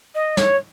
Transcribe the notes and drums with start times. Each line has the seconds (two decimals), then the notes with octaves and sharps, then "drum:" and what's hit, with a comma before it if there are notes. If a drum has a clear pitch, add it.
0.15 D#5
0.37 C#5, drum: snare